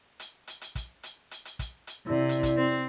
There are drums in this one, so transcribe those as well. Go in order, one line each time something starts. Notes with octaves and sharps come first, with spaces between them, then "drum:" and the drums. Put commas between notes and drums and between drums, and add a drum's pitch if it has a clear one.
drum: hi-hat
drum: hi-hat
drum: hi-hat
drum: kick, hi-hat
drum: hi-hat
drum: hi-hat
drum: hi-hat
drum: kick, hi-hat
drum: hi-hat
C3 E4 G4 D5
drum: hi-hat
drum: kick, hi-hat
C4